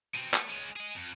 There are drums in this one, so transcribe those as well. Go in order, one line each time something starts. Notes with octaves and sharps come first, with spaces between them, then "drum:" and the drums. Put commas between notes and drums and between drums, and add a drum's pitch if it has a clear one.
B2 C4
A3, drum: clap
G#3 C#4
G#4 D#5
F2